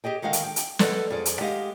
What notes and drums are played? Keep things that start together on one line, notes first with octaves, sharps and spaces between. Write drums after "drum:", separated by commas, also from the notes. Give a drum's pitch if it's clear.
G4 G#4 D#5 G5
D3 D#3 G#3 D#5 F5 F#5
drum: hi-hat
G5
drum: hi-hat
G#3 A4 B4 D5 F5 F#5, drum: snare
F2 F4 G#4 D5
drum: hi-hat
G#3 G4 D#5 F5 F#5